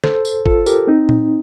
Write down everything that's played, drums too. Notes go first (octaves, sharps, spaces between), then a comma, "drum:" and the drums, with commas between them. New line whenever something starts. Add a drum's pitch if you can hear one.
A4 C5, drum: snare
drum: tambourine
F4 A4, drum: kick
G4 A#4, drum: tambourine
C4 D#4
drum: tom A#2